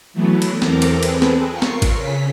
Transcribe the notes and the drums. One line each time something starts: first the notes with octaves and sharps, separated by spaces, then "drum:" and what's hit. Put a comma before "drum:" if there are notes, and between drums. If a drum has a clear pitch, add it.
E3 F#3 A3 B3
drum: cymbal
E2 C4 A4 A#4 A#5 D6, drum: snare B3
drum: cymbal
C4 G#4 A4 B4, drum: cymbal
drum: snare B3
F4 A#4 C#6 C7
drum: snare B3
drum: kick G#1, cymbal
C#3 C#4 B6